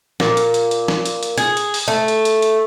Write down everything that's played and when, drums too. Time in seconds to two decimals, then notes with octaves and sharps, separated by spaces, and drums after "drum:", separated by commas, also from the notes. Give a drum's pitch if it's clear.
0.20 A#2, drum: snare
0.37 drum: hi-hat
0.54 drum: hi-hat
0.71 drum: hi-hat
0.88 drum: snare
1.05 drum: hi-hat
1.23 drum: hi-hat
1.38 G#4, drum: hi-hat
1.57 drum: hi-hat
1.74 drum: open hi-hat
1.88 A3
2.08 drum: hi-hat
2.25 drum: hi-hat
2.42 drum: hi-hat